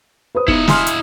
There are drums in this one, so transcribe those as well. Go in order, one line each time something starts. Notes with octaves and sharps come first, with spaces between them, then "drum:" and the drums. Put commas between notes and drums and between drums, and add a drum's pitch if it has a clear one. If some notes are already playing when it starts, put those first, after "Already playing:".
B4 C5 D#6
B3 D#4 E4 D#5 C#7, drum: kick
G#5 C6 F6, drum: snare
drum: hi-hat